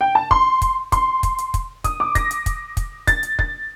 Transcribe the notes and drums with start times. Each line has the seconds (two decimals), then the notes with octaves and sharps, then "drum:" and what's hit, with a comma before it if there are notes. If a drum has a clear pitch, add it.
0.01 G5
0.15 A5
0.31 C6, drum: kick
0.62 drum: kick, hi-hat
0.92 C6, drum: kick, hi-hat
1.23 drum: kick, hi-hat
1.38 drum: hi-hat
1.54 drum: kick, hi-hat
1.84 D#6, drum: kick, hi-hat
2.00 D6
2.15 A#6, drum: kick, hi-hat
2.31 drum: hi-hat
2.46 drum: kick, hi-hat
2.77 drum: kick, hi-hat
3.07 A6, drum: kick, hi-hat
3.23 drum: hi-hat
3.39 A6, drum: kick